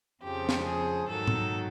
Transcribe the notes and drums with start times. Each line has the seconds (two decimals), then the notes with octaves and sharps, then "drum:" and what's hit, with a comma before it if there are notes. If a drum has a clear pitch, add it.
0.23 F2 C#3 F3 G4
0.49 drum: snare
0.66 G#4
1.09 G#2 D#3 F#3 A4
1.27 drum: tom A2